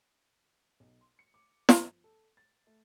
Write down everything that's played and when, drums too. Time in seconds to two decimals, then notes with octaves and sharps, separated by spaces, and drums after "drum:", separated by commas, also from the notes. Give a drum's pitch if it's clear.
0.80 B1
1.01 C6
1.19 C#7
1.34 D6
1.69 G1, drum: snare
1.84 F3
2.04 A4
2.37 A6
2.67 A3